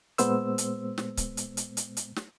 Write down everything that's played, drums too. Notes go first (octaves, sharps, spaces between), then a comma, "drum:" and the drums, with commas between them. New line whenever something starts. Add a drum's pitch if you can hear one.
A#2 G#3 B3 C5 E6, drum: hi-hat
drum: hi-hat
drum: snare
drum: kick C#1, hi-hat
drum: hi-hat
drum: hi-hat
drum: hi-hat
drum: hi-hat
drum: snare